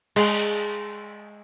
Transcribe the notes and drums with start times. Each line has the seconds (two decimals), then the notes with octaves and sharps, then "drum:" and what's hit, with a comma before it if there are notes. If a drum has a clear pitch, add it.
0.16 G#3, drum: cymbal
0.40 drum: hi-hat